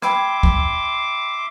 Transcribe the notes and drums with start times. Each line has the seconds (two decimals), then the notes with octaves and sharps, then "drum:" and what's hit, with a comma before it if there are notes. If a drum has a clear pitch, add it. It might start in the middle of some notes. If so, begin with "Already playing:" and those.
0.02 E5 G5 B5 C6 D6 G#6, drum: rim click
0.43 drum: kick